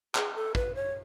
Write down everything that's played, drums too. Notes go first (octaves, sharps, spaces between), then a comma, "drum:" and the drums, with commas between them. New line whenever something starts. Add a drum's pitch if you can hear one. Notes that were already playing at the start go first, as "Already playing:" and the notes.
G#4, drum: clap
A4
B4, drum: kick
C#5